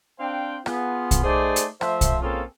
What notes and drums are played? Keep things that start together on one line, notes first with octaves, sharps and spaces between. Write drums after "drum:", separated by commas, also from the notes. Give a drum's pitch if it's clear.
C4 D4 C5 F5 G5
B3 F4 G#4, drum: rim click
drum: kick, hi-hat
A3 D#4 G#4 C5 D5
drum: hi-hat
F3 A3 F4 C5 E5, drum: rim click
drum: kick, hi-hat
A#3 C4 C#4 F4 G#4 A4